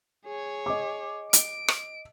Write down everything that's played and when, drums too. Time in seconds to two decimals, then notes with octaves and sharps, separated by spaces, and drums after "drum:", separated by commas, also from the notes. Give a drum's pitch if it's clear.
0.25 G#4 C#5
0.66 D#5 D6
1.33 D7, drum: hi-hat
1.68 drum: rim click